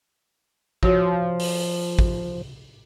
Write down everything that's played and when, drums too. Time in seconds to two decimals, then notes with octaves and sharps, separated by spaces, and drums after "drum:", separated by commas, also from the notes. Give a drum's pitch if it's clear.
0.83 F3 F#4 C#5, drum: kick
1.39 drum: open hi-hat
1.99 drum: kick